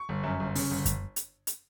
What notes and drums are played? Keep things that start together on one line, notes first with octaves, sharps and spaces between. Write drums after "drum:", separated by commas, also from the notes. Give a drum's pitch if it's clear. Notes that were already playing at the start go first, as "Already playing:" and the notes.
Already playing: C#6
G1
F#2
G1
C#3, drum: open hi-hat
G1
drum: kick F#2, hi-hat
drum: hi-hat
drum: hi-hat